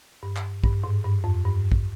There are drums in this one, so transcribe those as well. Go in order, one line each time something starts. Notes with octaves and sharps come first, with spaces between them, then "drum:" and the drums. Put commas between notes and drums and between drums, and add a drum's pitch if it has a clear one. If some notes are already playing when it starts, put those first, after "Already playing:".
G2
drum: clap
G2, drum: kick
G#2
G2
F2
G2
drum: kick